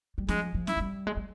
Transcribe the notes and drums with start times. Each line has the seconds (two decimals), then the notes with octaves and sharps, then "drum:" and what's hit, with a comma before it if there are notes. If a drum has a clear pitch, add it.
0.18 G3
0.28 F3 G#3, drum: snare
0.54 F3
0.67 E4, drum: snare
0.76 G#3
0.80 G3
1.07 G#3
1.17 G3